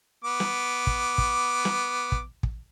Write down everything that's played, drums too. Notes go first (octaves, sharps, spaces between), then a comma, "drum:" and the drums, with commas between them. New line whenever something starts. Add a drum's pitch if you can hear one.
B3 D6
drum: snare
drum: kick
drum: kick
drum: snare
drum: kick
drum: kick